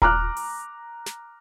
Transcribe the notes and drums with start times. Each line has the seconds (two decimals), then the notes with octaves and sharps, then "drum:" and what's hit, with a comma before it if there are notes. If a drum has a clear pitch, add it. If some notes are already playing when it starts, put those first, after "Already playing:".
0.02 A#5 D6 F6 F#6, drum: kick D#1
0.37 drum: open hi-hat
1.06 drum: snare